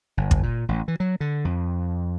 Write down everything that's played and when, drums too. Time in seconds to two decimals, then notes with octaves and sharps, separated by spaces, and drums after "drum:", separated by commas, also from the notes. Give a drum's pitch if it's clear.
0.17 G1
0.31 drum: kick
0.43 A#2
0.69 A1
0.88 E3
1.00 F#3
1.20 D3
1.45 F2